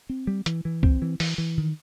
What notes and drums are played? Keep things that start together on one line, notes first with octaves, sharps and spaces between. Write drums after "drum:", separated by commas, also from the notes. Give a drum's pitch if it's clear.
C4
G3
E3, drum: hi-hat
E3
C4, drum: kick
E3
E3, drum: open hi-hat
E3
D#3